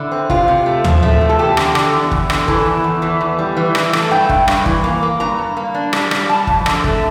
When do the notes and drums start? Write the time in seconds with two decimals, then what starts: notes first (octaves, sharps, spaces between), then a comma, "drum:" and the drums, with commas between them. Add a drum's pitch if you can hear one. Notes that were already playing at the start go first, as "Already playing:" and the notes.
Already playing: D3 E4
0.12 C4
0.30 C3 F4, drum: kick
0.48 C3
0.66 A3
0.84 F3, drum: tom
1.02 A3
1.21 C3
1.29 A4
1.39 E2 G4
1.57 D3, drum: rim click
1.75 D3, drum: rim click
1.93 E2
2.11 E2, drum: kick
2.30 D3, drum: rim click
2.48 E3 A4, drum: kick
2.66 E2
2.84 E2
3.02 E3
3.21 E2
3.39 G3
3.57 E3
3.75 E3, drum: rim click
3.93 A3, drum: rim click
4.11 G2 G5
4.29 G2, drum: kick
4.48 G2, drum: rim click
4.66 E3, drum: kick
4.84 A#3
5.03 A#3
5.20 G2 A#5
5.39 G2
5.57 A#3
5.74 D4
5.93 G3, drum: rim click
6.11 G3, drum: rim click
6.29 G3 A5
6.47 F2, drum: kick
6.66 D3, drum: rim click
6.84 A3, drum: kick